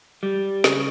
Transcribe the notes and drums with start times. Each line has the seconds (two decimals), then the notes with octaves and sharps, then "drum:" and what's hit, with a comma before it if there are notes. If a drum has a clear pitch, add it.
0.23 G3
0.64 C#3, drum: snare